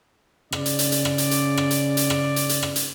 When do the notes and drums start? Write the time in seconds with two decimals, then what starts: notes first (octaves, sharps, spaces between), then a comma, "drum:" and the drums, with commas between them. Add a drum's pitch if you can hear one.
0.52 C#3 D5, drum: rim click
0.66 drum: hi-hat
0.79 drum: hi-hat
0.92 drum: hi-hat
1.05 drum: rim click
1.18 drum: hi-hat
1.31 drum: hi-hat
1.57 drum: rim click
1.71 drum: hi-hat
1.97 drum: hi-hat
2.10 drum: rim click
2.36 drum: hi-hat
2.49 drum: hi-hat
2.62 drum: rim click
2.76 drum: hi-hat